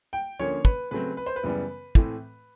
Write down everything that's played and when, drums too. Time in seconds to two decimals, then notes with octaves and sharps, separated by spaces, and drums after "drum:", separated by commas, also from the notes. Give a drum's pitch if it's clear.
0.13 G5
0.39 D3 F3 A#3 C#4 C#5
0.65 B4, drum: kick
0.91 C#3 F#3 A3 C4 B4
1.17 B4
1.26 C5
1.36 B4
1.43 F#2 C#3 E3 G3 B3
1.95 A2 E3 A3 C4, drum: kick